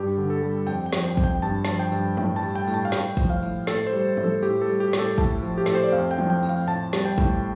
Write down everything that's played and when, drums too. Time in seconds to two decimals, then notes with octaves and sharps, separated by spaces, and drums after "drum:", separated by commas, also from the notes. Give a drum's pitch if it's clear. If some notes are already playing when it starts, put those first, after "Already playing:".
Already playing: G2 G4
0.18 D3
0.30 A4
0.42 G3
0.67 F2 G5, drum: tambourine
0.86 G5
0.93 F3, drum: snare
1.04 G5
1.17 F2, drum: kick, tambourine
1.24 G5
1.42 G2 A5, drum: tambourine
1.65 F3 A5, drum: snare
1.79 G5
1.92 G2, drum: tambourine
2.17 A2 G5, drum: tom E3
2.36 A5
2.43 G3, drum: tambourine
2.55 G5
2.67 A2, drum: tambourine
2.74 A5
2.85 F5
2.92 A2 G5, drum: snare
3.17 F3, drum: kick, tambourine
3.30 F5
3.42 A2, drum: tambourine
3.67 A2 A4, drum: snare
3.87 C5
3.93 G3
4.17 A2, drum: tom E3
4.24 A4
4.43 A2 G4, drum: tambourine
4.62 A4
4.67 G3, drum: tambourine
4.80 G4
4.93 A2, drum: snare
4.99 A4
5.18 A2 A5, drum: kick, tambourine
5.42 F3, drum: tambourine
5.58 G4
5.66 A2 A4, drum: snare
5.75 C5
5.84 D5
5.92 F2 F5
6.11 G5
6.18 F3, drum: tom F3
6.30 G5
6.43 F2, drum: tambourine
6.49 F5
6.67 A2 A5, drum: tambourine
6.93 G3, drum: snare
7.05 G5
7.18 A2, drum: kick, tambourine